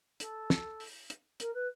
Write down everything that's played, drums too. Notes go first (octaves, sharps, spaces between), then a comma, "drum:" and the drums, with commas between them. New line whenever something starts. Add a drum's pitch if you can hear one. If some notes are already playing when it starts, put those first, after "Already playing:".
A4, drum: hi-hat
drum: snare
drum: open hi-hat
drum: hi-hat
A#4, drum: hi-hat
B4